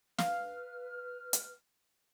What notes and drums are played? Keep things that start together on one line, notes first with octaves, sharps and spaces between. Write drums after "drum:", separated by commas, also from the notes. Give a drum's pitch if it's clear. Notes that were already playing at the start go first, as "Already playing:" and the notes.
B4 F5 F6, drum: snare
drum: hi-hat